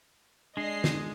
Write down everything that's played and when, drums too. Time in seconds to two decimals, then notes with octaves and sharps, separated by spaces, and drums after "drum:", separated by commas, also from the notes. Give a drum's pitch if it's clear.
0.57 G#3 D4 D#5 C7
0.84 drum: snare